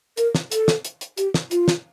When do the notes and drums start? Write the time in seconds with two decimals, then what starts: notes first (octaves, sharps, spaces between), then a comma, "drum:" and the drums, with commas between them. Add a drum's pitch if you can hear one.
0.17 A#4, drum: hi-hat
0.35 drum: snare
0.52 A4, drum: hi-hat
0.68 drum: snare
0.84 drum: hi-hat
1.01 drum: hi-hat
1.17 G4, drum: hi-hat
1.34 drum: snare
1.51 F4, drum: hi-hat
1.68 drum: snare